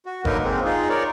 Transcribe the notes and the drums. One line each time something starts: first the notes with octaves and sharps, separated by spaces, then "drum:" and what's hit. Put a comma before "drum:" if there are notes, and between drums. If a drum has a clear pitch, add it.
F#4
D3 F#3 A#3 D#4 A#4 B4, drum: kick F#1
G#3 A#3 C4
D#4 F4 G#4
A#4 C#5 D5